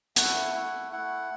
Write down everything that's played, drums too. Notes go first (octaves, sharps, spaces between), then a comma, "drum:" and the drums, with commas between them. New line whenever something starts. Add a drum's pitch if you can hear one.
A3 E4 F#5, drum: hi-hat
A3 E4
A3 E4 F#5